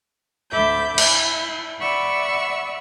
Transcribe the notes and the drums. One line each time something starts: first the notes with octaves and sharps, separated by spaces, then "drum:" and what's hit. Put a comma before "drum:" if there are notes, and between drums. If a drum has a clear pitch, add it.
D2 A4 E5 B5 D6 G6
E4, drum: cymbal
D5 E5 F#5 B5 C#6 E6